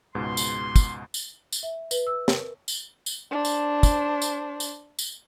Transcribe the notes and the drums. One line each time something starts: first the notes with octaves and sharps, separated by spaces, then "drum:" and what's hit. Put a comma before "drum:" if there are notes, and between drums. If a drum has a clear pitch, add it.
C#2 G#2 B2 C6
drum: tambourine
drum: kick, tambourine
drum: tambourine
drum: tambourine
E5
B4, drum: tambourine
E6
A#4, drum: snare
drum: tambourine
drum: tambourine
D4 C5
drum: tambourine
drum: kick, tambourine
drum: tambourine
drum: tambourine
drum: tambourine